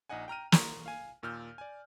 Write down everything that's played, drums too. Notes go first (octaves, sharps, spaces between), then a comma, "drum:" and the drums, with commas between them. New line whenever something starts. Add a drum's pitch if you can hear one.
A#1 D#4 D#5 F#5 G#5
G5 A#5 F6 D#7
A#5 C6 C#6, drum: snare
F5 G#5
D#2 A#2 E6 F6 G6
D5 G#5